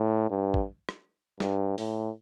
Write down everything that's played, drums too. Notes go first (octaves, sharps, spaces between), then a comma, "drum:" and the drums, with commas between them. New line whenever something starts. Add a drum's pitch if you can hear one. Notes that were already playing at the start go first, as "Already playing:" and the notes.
Already playing: A2
G2
drum: kick
drum: rim click
G2, drum: snare
A2, drum: open hi-hat